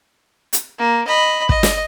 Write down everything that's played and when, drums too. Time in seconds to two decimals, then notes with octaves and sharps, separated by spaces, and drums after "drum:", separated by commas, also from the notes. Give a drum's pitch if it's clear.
0.53 drum: hi-hat
0.78 A#3
1.08 D#5 B5
1.49 D#5, drum: kick
1.63 drum: snare